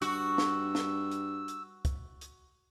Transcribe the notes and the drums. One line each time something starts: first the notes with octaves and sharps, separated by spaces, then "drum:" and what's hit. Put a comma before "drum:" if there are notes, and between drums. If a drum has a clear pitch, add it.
G2 F#4 E6, drum: hi-hat
drum: snare
drum: snare
drum: hi-hat
drum: hi-hat
drum: kick, hi-hat
drum: hi-hat